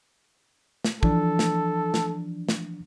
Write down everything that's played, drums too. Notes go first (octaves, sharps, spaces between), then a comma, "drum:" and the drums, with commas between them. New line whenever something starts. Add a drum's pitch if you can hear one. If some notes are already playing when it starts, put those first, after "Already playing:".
drum: snare
E3 F3 D4 A4, drum: kick
drum: snare
drum: snare
drum: snare